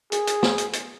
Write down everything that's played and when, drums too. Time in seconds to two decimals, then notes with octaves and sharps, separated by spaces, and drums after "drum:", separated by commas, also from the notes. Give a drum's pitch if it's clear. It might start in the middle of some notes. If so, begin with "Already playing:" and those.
0.12 G#4, drum: hi-hat
0.27 drum: hi-hat
0.43 drum: snare
0.58 drum: hi-hat
0.73 drum: hi-hat